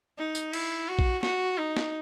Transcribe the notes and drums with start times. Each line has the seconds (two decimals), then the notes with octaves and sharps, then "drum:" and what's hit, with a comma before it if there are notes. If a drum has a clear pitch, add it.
0.18 D#4
0.35 drum: tambourine
0.53 E4, drum: cymbal
0.88 F#4
0.99 drum: kick A#1
1.23 F#4, drum: snare
1.58 D#4
1.77 drum: snare